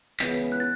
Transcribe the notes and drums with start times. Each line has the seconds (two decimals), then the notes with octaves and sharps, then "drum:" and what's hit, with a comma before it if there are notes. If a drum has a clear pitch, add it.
0.19 C#2 C#3 E3 B3, drum: clap
0.52 F#6
0.60 A6